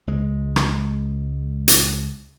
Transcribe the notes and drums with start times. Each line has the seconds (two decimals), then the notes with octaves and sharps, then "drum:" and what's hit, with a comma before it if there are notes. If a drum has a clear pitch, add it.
0.07 C#2 G#3
0.56 drum: rim click
1.68 drum: hi-hat